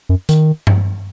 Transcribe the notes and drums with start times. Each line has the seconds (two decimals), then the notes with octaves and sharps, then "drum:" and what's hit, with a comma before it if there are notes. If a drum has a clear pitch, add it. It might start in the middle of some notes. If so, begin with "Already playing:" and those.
0.09 F#2
0.29 D#3, drum: hi-hat
0.67 drum: tom G2